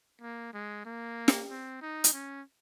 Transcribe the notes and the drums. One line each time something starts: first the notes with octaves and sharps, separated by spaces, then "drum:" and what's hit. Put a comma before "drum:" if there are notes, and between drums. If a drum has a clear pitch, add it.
A#3
G#3
A#3
drum: snare
C4
D#4
drum: hi-hat
C#4